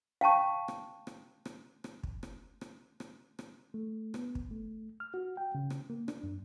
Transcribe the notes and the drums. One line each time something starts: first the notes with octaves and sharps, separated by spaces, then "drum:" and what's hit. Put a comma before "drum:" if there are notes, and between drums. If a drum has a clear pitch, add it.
F5 G5 A5 C#6
drum: rim click
drum: rim click
drum: rim click
drum: rim click
drum: kick
drum: rim click
drum: rim click
drum: rim click
drum: rim click
A3
B3, drum: rim click
drum: kick
A3
F6
F#4
G5
C#3
drum: rim click
A#3
D4, drum: rim click
F#2